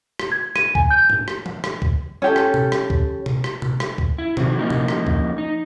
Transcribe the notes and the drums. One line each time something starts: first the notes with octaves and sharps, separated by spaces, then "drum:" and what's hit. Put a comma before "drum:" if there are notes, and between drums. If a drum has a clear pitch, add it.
drum: rim click
G#6
D#7, drum: rim click
G#5, drum: kick
G6
drum: tom
drum: rim click
drum: tom
drum: rim click
drum: kick
C#4 G4 A4
drum: rim click
drum: tom
drum: rim click
drum: kick
drum: tom
drum: rim click
drum: tom
drum: rim click
drum: kick
E4
D#3 F3 F#3 C4, drum: tom
F3 A#3 C#4 D#4 E4
drum: tom
drum: rim click
drum: kick
D#4